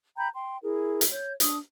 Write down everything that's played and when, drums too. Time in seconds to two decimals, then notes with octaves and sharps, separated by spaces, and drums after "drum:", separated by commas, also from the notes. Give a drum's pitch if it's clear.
0.18 G5 A#5 B5 G6
0.35 G5 C6
0.63 E4 G#4 A#4
1.01 drum: hi-hat
1.12 C#5 G6
1.40 D4 D#6, drum: hi-hat